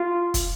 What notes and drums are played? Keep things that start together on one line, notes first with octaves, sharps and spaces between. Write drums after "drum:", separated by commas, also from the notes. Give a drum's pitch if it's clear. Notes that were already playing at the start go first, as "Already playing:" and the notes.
Already playing: F4
drum: kick, hi-hat